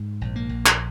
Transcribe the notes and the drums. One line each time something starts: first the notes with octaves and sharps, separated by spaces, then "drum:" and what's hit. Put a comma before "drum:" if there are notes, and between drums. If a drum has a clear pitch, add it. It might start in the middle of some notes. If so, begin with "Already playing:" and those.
Already playing: G#2
A#1
A#3
A#1
drum: clap